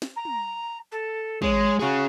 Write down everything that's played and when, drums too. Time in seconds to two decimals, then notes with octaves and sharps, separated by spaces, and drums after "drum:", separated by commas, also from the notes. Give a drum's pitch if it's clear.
0.02 drum: snare
0.16 A#5
0.25 drum: tom
0.91 A4
1.42 G#3 C#5, drum: kick
1.80 C#4 F#4 G#4